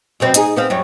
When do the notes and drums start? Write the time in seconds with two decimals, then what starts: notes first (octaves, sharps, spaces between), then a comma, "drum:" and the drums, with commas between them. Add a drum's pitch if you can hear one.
0.20 F#2 B2 C4
0.34 D#4 G#4, drum: hi-hat
0.56 B3 C4 F5
0.70 F#2 F#3 G3